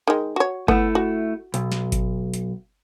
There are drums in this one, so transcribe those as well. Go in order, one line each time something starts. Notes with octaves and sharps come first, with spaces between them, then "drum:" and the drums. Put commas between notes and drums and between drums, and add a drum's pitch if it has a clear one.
D#3 G#3
F#4 C#5
A3 B3 E4, drum: kick G1
F#4
B1, drum: hi-hat
drum: snare
drum: kick G1, hi-hat
drum: hi-hat